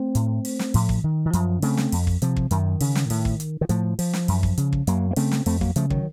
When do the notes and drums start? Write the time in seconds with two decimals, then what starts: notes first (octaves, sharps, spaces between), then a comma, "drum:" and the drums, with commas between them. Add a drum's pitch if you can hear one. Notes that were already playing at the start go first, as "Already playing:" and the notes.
Already playing: A3 C4
0.15 A2, drum: hi-hat
0.45 drum: open hi-hat
0.59 drum: snare
0.74 A2 F3, drum: open hi-hat
0.89 drum: kick
1.04 D#3
1.25 D#3
1.33 F#2 F3, drum: hi-hat
1.62 C#3 A3 C4, drum: open hi-hat
1.77 drum: snare
1.92 F2, drum: open hi-hat
2.07 drum: kick
2.22 C3 F3, drum: hi-hat
2.36 drum: kick
2.51 F#2 D#3, drum: hi-hat
2.80 C#3, drum: open hi-hat
2.95 drum: snare
3.10 A2, drum: open hi-hat
3.25 drum: kick
3.40 drum: hi-hat
3.61 D#3
3.69 A2 F3, drum: hi-hat
3.99 F3, drum: open hi-hat
4.13 drum: snare
4.28 F#2, drum: open hi-hat
4.43 drum: kick
4.57 C#3, drum: hi-hat
4.72 drum: kick
4.87 F#2 F#3 A#3, drum: hi-hat
5.11 A#3
5.16 C#3 A3 C4, drum: open hi-hat
5.31 drum: snare
5.46 F2 A3 C4, drum: open hi-hat
5.61 F#3 A#3, drum: kick
5.76 C#3 F3 A3, drum: hi-hat
5.90 D#3 F#3, drum: kick